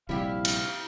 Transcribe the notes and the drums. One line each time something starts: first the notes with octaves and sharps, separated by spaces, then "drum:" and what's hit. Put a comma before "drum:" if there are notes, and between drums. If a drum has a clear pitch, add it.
A#1 C3 G3 E4 G4 F5
drum: cymbal